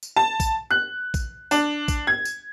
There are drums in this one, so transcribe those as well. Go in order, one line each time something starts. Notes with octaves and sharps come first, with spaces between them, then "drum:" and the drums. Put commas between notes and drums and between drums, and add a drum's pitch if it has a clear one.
drum: tambourine
A5
drum: kick, tambourine
F#6
drum: kick, tambourine
D4, drum: tambourine
drum: kick, tambourine
G#6
drum: tambourine